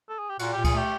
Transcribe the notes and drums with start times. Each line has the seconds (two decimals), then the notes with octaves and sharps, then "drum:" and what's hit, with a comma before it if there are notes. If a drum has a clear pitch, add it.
0.09 A4
0.19 G#4
0.30 G4
0.39 A#2 F#4, drum: cymbal
0.53 A#2 G4
0.64 G#4, drum: kick C#2, cymbal
0.73 A3 G4